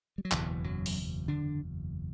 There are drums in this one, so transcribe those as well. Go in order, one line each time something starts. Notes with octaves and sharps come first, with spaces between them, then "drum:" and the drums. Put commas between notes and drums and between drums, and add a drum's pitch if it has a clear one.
G3
F#3
F#1 E2 B2 E3, drum: clap
F#2 F#3
drum: open hi-hat
D3 D4